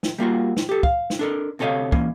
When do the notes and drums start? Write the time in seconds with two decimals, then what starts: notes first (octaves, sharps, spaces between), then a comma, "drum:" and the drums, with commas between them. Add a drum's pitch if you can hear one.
0.03 drum: snare
0.18 G3 A#3 F4 F#4
0.57 drum: snare
0.69 G4 A4
0.83 F5, drum: kick
1.10 drum: snare
1.19 D4 A4 A#4
1.59 D2 C3 A4 C#5 D#5 F5
1.92 E3 A#3 C#4, drum: kick